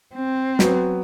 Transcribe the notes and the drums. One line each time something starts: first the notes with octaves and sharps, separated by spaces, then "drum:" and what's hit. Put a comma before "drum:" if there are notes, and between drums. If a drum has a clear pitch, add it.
C4
F#3 B3, drum: snare